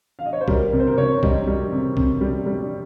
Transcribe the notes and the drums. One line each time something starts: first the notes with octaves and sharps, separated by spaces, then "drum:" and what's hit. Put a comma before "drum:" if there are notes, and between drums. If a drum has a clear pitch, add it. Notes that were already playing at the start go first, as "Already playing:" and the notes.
F5
D#5
C#5
C5
G3 A#4, drum: kick B1
C3 A#4
C5
A#4
C3 C#5
G3 D#5, drum: kick B1
G3
C3
C3, drum: kick B1
G3
G3